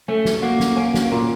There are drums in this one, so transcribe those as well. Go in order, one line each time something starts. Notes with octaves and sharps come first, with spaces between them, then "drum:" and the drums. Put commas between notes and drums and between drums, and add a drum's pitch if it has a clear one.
A3 C#4
drum: snare
A#3 F#4
drum: snare
C#4
drum: snare
A#2